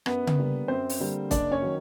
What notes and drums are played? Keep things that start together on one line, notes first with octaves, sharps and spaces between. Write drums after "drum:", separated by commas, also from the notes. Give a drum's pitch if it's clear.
F#2 B3 B4, drum: rim click
drum: tom C#3
D3 G3 A#3
F#2 C4 C5
drum: open hi-hat
D3 G3 A#3
F#1 D4 D5, drum: kick, hi-hat
C#4 C#5
D#3 F#3